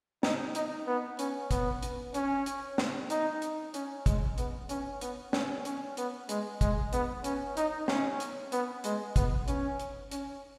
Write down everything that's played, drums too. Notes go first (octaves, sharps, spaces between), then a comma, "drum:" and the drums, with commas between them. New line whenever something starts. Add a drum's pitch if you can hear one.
D#4, drum: snare
D#4, drum: hi-hat
B3
C#4, drum: hi-hat
B3, drum: kick, hi-hat
drum: hi-hat
C#4, drum: hi-hat
drum: hi-hat
drum: snare
D#4, drum: hi-hat
drum: hi-hat
C#4, drum: hi-hat
G#3, drum: kick, hi-hat
B3, drum: hi-hat
C#4, drum: hi-hat
B3, drum: hi-hat
C#4, drum: snare
C#4, drum: hi-hat
B3, drum: hi-hat
G#3, drum: hi-hat
G#3, drum: kick, hi-hat
B3, drum: hi-hat
C#4, drum: hi-hat
D#4, drum: hi-hat
C#4, drum: snare
drum: hi-hat
B3, drum: hi-hat
G#3, drum: hi-hat
B3, drum: kick, hi-hat
C#4, drum: hi-hat
drum: hi-hat
C#4, drum: hi-hat